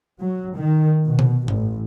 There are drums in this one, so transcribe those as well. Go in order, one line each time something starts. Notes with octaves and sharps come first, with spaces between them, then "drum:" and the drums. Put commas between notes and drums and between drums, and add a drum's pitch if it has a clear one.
F#3
D#3
B2
drum: tom C3
A1, drum: tom G2